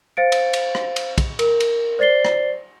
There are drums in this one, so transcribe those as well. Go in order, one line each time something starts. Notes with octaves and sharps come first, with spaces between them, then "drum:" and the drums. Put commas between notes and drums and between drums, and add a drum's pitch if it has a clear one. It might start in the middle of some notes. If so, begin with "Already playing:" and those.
C5 F5 A6 C#7 D7
drum: cymbal
drum: cymbal
drum: rim click
drum: cymbal
drum: kick, cymbal
A#4, drum: cymbal
drum: cymbal
C5 D5 A6 C7 G7
drum: rim click